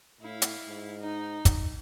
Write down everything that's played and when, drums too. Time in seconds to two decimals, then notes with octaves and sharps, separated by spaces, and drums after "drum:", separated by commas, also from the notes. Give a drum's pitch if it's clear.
0.21 A2 E4 F5
0.42 drum: hi-hat
0.68 G#2
0.99 D#4
1.45 drum: kick, hi-hat